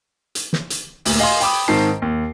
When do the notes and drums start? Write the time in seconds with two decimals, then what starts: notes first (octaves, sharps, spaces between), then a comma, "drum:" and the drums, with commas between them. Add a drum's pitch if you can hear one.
0.35 drum: hi-hat
0.53 drum: snare
0.70 drum: hi-hat
1.05 D2 A#2, drum: open hi-hat
1.19 D#5 F5 G#5 C6
1.41 G5 B5 D6 D#6, drum: hi-hat
1.68 G#2 D#3 C4 A#4 A5 C7
2.02 D#2